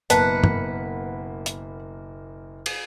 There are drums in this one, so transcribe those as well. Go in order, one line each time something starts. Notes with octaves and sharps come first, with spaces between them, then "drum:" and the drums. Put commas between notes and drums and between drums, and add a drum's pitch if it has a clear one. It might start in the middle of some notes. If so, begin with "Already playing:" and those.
F#1 B2 A#3 B4 F#5 A5, drum: hi-hat
drum: tom
drum: hi-hat
drum: cymbal